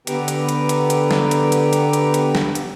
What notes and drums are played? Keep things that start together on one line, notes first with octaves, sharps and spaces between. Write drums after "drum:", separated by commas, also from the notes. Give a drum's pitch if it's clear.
D3 B3 G4 B4 G5 A#5, drum: hi-hat
drum: hi-hat
drum: hi-hat
drum: hi-hat
drum: hi-hat
drum: snare
drum: hi-hat
drum: hi-hat
drum: hi-hat
drum: hi-hat
drum: hi-hat
drum: snare
drum: hi-hat